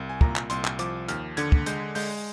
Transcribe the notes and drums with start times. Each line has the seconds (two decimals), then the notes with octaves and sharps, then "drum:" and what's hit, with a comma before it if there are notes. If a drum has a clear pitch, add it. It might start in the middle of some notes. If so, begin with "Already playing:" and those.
Already playing: C2
0.09 G#5
0.21 A#2 A#5, drum: kick
0.36 drum: clap
0.50 C2 C6, drum: hi-hat
0.65 drum: clap
0.79 F3 D6, drum: hi-hat
1.09 D#2 F6, drum: hi-hat
1.37 D3 G#6, drum: hi-hat
1.52 drum: kick
1.66 G#3 G6, drum: hi-hat
1.95 G#3 G6, drum: open hi-hat